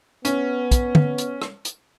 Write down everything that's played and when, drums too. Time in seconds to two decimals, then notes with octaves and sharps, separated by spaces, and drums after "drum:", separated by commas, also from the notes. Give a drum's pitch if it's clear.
0.25 B3 C#4, drum: hi-hat
0.71 drum: kick, hi-hat
0.95 drum: tom
1.18 drum: hi-hat
1.42 drum: rim click
1.65 drum: hi-hat